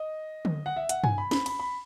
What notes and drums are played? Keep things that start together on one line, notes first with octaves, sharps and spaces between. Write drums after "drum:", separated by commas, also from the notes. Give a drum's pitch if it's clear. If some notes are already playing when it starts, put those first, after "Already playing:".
Already playing: D#5
drum: tom D3
F#5
E5
F#5, drum: hi-hat
G#5, drum: tom G2
B5
B5, drum: snare
B5, drum: cymbal
B5